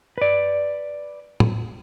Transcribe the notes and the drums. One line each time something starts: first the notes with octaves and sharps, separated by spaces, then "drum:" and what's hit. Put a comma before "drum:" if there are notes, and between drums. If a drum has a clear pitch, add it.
B4 D5
drum: tom